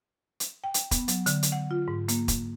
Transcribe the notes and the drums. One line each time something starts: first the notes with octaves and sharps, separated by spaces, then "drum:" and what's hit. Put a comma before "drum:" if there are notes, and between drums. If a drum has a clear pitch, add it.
drum: hi-hat
G5
drum: hi-hat
B3, drum: kick E1, hi-hat
F#3, drum: hi-hat
D3, drum: hi-hat
drum: hi-hat
F#5
F4
G#2
A#3, drum: hi-hat
drum: kick E1, hi-hat